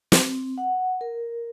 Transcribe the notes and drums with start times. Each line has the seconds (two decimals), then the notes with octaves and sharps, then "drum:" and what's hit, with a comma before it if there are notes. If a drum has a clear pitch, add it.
0.12 C4, drum: snare
0.58 F#5
1.01 A#4